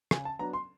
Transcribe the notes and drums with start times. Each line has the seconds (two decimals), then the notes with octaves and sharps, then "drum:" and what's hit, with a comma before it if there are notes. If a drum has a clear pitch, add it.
0.11 C#3 G#5, drum: rim click
0.25 A5
0.39 F#3 B3 D4 A#5
0.53 C6